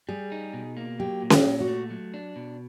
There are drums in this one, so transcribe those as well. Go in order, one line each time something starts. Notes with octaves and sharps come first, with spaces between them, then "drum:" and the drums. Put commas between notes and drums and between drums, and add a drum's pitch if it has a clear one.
G3 G#4
D#4
B2
A#3
F#3 G4
A#2
G4, drum: snare C#4
A#2
F#4
A3
F#3
D4
B2